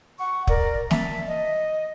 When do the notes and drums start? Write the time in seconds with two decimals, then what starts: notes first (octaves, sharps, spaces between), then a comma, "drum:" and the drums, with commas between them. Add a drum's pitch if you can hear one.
0.18 F#5 C#6
0.47 A#4 D5, drum: kick
0.91 E5 A5, drum: snare
1.26 D#5